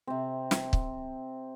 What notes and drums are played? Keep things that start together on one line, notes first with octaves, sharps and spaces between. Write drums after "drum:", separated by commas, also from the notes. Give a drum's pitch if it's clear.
C3 C4
drum: snare
drum: kick